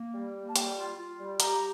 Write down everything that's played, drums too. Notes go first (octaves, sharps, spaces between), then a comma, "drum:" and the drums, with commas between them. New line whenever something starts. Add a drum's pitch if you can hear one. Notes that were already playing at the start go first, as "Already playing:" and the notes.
Already playing: A#3
G3
A#3
A5
G3 G5, drum: hi-hat
F4
F4
G3
G4 A#5, drum: hi-hat